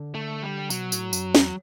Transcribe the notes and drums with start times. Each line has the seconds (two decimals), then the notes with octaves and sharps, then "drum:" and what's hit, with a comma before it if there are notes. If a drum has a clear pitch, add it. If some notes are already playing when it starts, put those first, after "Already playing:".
Already playing: D3
0.15 A3
0.42 G3
0.70 B2 F#3, drum: tambourine
0.92 A2, drum: tambourine
1.13 F#2, drum: tambourine
1.35 E2, drum: snare